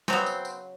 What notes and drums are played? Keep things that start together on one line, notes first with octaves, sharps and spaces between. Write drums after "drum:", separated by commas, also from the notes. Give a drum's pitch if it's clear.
C#3 F#3 B3 C4, drum: snare G3
drum: tambourine
drum: tambourine